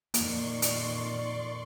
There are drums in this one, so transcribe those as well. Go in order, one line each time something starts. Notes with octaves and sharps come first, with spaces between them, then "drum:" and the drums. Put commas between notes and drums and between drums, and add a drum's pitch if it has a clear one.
F2 A#2 D#3 A#3 D5 C6 C#6, drum: hi-hat
drum: hi-hat